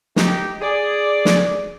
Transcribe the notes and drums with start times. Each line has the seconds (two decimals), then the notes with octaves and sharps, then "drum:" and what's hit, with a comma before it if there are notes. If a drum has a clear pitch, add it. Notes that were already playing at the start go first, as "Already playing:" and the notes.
0.16 D#4 G4, drum: snare
0.61 G#4 D5
1.25 drum: snare